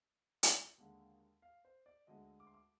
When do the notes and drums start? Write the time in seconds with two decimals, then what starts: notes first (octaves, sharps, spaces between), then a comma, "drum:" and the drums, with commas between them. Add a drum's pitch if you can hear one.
0.43 drum: hi-hat
0.78 D#2 D3 G#3
1.42 F5
1.65 C5
1.86 D5
2.07 D2 D3 G#3 D#5
2.40 D6
2.47 C6
2.54 D6